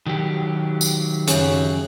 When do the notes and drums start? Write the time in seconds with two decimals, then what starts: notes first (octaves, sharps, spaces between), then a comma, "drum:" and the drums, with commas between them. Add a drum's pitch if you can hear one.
0.06 D#3 F#3 G4
0.81 drum: tambourine
1.28 F#2 C#3, drum: hi-hat